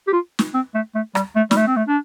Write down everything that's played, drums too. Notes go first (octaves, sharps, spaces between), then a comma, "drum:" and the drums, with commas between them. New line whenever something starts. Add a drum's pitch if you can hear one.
G4
F4
drum: snare
C4
A3
A3
G3, drum: rim click
A3
G3, drum: snare
A3
C4
A3
D4